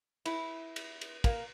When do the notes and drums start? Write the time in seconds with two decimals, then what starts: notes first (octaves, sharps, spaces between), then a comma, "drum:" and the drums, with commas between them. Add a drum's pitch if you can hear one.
0.26 E4, drum: cymbal
0.76 drum: cymbal
1.01 drum: cymbal
1.24 A#3, drum: kick, cymbal